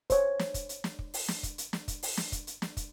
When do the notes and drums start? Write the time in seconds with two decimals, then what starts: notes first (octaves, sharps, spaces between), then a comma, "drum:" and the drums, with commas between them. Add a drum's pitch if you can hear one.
0.10 C5 C#5, drum: kick, hi-hat
0.39 drum: snare
0.54 drum: kick, hi-hat
0.69 drum: hi-hat
0.84 drum: snare
0.99 drum: kick
1.14 drum: open hi-hat
1.28 drum: snare
1.43 drum: kick, hi-hat
1.58 drum: hi-hat
1.73 drum: snare
1.88 drum: kick, hi-hat
2.03 drum: open hi-hat
2.17 drum: snare
2.32 drum: kick, hi-hat
2.47 drum: hi-hat
2.62 drum: snare
2.77 drum: kick, hi-hat